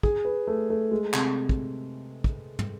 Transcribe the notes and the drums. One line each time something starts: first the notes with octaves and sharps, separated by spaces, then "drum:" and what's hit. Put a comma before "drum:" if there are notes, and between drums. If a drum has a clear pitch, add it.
G#4, drum: kick
B4
A3
A3
G#3
C3, drum: clap
drum: kick
drum: kick
drum: tom